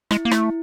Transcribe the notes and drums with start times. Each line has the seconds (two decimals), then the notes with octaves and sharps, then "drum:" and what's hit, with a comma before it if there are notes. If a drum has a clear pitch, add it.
0.11 G#3 E4, drum: rim click
0.25 A#3
0.31 A3 E4, drum: rim click